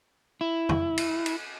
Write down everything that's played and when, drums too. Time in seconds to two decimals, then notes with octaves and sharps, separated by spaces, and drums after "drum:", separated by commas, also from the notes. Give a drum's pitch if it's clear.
0.41 E4
0.69 drum: tom
0.97 drum: cymbal
1.26 drum: cymbal